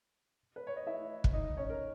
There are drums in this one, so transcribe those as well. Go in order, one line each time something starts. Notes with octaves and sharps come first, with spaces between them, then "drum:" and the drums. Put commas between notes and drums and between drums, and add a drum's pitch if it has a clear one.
B4
C#5
D#5
E4 E5
drum: kick
D#4 D#5
C#4 C#5
A#4